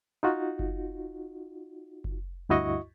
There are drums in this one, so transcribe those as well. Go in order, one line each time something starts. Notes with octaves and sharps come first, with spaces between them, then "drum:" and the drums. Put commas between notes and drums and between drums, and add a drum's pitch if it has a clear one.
D#4 F4 F#4
drum: kick F#1
drum: kick F#1
D2 G2 E4 F#4 D#5 C#6